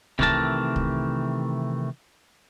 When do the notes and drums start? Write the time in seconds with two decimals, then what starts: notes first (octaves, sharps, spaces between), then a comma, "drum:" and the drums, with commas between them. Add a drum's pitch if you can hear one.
0.19 C3 D#3 E3 A3 A#4 A5, drum: kick
0.76 drum: kick